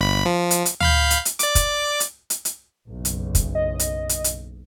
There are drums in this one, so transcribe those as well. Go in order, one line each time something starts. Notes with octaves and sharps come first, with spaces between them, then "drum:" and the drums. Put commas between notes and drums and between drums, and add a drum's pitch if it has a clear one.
G1 B5
F3
drum: hi-hat
drum: hi-hat
F5 B5 G6, drum: tom D2
drum: hi-hat
drum: hi-hat
D5 D6, drum: hi-hat
drum: kick, hi-hat
drum: hi-hat
drum: hi-hat
drum: hi-hat
F#1 B1
drum: hi-hat
drum: kick, hi-hat
D#5
drum: hi-hat
drum: hi-hat
drum: hi-hat